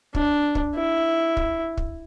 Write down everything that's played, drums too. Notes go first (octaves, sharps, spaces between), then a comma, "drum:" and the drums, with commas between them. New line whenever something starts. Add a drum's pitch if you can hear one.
D4, drum: kick
drum: kick
E4
drum: kick
drum: kick